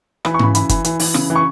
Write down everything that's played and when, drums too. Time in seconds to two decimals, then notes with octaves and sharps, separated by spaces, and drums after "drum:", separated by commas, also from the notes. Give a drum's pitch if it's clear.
0.25 E3 B5, drum: rim click
0.34 C#6
0.39 C#3 B5, drum: tom G#2
0.55 E3 B5, drum: hi-hat
0.69 E3, drum: kick F#1, hi-hat
0.84 E3, drum: hi-hat
1.00 E3, drum: open hi-hat
1.14 C#3, drum: rim click
1.30 E3
1.35 C#6